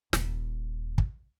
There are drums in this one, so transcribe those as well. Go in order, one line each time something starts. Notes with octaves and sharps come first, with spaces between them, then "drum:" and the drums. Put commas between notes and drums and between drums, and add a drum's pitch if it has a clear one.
D#1, drum: snare
drum: kick